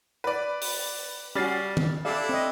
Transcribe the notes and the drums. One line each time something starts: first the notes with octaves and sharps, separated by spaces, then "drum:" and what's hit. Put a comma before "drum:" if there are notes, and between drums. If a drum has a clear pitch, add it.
B4 D5
drum: open hi-hat
G3 C#4 F#4 F6 A6 C7
drum: tom
D4 E4 G4 A4 D5 F5
C4 D#5